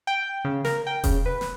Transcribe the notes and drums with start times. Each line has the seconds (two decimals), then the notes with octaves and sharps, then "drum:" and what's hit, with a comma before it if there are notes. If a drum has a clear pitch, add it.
0.07 G5
0.45 C#3
0.65 A#4, drum: snare
0.87 G5
1.04 C#3, drum: kick E1, open hi-hat
1.26 B4
1.41 drum: snare